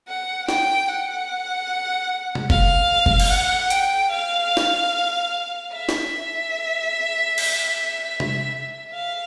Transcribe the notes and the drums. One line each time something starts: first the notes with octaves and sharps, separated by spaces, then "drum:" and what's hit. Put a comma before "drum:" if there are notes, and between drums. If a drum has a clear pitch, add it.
F#5
G5, drum: snare
F#5
drum: tom C3
F5, drum: kick
drum: kick
drum: cymbal
F#5
G5, drum: hi-hat
F5
drum: snare
E5
drum: snare
drum: cymbal
drum: tom C3
F5